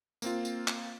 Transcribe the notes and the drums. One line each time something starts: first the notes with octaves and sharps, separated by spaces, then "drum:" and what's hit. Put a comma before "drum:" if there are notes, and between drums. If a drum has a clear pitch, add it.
A#3 C4 F4, drum: tambourine
drum: tambourine
drum: clap